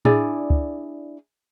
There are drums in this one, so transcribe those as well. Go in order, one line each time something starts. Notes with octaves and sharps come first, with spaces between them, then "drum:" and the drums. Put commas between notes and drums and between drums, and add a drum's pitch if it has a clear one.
D4 E4 G#4 D5, drum: tom A2
drum: kick